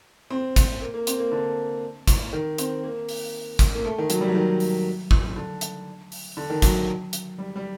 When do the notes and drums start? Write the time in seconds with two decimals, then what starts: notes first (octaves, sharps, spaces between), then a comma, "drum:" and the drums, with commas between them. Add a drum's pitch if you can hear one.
0.30 C4
0.56 C4, drum: kick, hi-hat
0.81 A#3
0.94 A#3
1.07 C4, drum: hi-hat
1.19 A#3
1.32 D3
2.08 drum: kick, hi-hat
2.33 D#3
2.58 C4, drum: hi-hat
2.83 A#3
3.09 drum: open hi-hat
3.59 drum: kick, hi-hat
3.75 A#3
3.85 A3
3.98 D#3
4.10 F#3, drum: hi-hat
4.20 G3
4.28 F#3
4.35 D#3
4.60 drum: open hi-hat
5.11 drum: kick
5.36 D3
5.61 drum: hi-hat
6.12 drum: open hi-hat
6.37 D3
6.50 D#3
6.62 F#3, drum: kick, hi-hat
7.13 drum: hi-hat
7.38 G3
7.56 G3